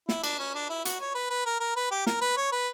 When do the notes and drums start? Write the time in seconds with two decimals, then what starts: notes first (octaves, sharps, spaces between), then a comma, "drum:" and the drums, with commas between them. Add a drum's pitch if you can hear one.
0.09 E4, drum: snare
0.24 D4, drum: cymbal
0.39 C#4
0.55 D4
0.69 E4
0.85 F#4, drum: hi-hat
1.01 C#5
1.15 B4
1.30 B4
1.46 A#4
1.60 A#4
1.76 B4
1.91 G4
2.07 A#4, drum: snare
2.21 B4
2.37 C#5
2.52 B4